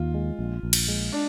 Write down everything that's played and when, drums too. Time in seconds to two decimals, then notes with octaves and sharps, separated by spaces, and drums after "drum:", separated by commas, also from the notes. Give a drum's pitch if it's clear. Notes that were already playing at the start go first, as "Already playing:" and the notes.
Already playing: D#2 F4
0.14 G#3
0.39 A#1
0.63 A#1
0.73 drum: cymbal
0.88 G#3
1.12 D4